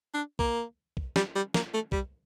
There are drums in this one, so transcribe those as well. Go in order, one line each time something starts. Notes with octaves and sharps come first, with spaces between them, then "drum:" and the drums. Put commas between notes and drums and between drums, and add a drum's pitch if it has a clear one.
D4
A#3, drum: kick
drum: kick
G3, drum: snare
G3
A#3, drum: snare
A3
G3, drum: kick